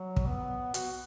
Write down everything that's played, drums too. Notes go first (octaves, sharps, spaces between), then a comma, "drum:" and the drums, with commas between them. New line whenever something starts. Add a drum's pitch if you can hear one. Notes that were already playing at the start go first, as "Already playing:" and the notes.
Already playing: F#3
drum: kick
B3
F#4, drum: hi-hat